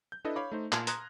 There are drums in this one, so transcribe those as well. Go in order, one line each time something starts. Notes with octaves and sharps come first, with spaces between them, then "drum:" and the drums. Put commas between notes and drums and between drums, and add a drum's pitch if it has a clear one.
G6
D4 E4 A4 B4 D#5
C#5 F5 B5 D6
A3 D#4 C5
A#2 G#5 A5 C6 F6 G#6, drum: clap
A#5 C6 D#6 F#6 G#6 A#6, drum: hi-hat